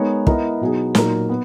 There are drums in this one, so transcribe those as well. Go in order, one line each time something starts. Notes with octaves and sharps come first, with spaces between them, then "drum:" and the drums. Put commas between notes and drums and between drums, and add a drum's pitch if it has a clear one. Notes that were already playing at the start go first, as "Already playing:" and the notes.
Already playing: G#3 B3 D#4 A#4 C#5
B3 E4 A#4 D#5, drum: kick
B2 F#3 B3 D#4 G#4
A#2 F#3 A#3 D#4 A#4, drum: snare
B3